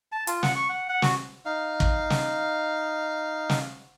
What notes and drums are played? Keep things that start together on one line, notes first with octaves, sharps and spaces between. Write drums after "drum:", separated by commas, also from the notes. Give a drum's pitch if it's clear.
A5
F4, drum: hi-hat
F#5, drum: snare
C#6
F#5
F#5
F#4, drum: snare
D#4 F5
drum: kick
drum: snare
drum: snare